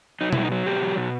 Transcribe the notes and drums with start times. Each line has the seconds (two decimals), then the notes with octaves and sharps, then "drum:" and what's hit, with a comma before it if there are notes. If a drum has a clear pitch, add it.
0.21 F#3 D#4
0.33 B2 E4, drum: tom B2
0.43 D#4
0.52 F#3
0.66 B2 G4
0.82 F#3
0.97 B2